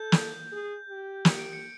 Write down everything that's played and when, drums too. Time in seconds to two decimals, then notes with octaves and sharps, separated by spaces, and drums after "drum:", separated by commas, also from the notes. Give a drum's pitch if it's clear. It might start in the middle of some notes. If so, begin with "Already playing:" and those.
Already playing: A4 G6
0.12 drum: snare
0.52 G#4
0.89 G4
1.25 C#7, drum: snare
1.39 D7
1.53 C#7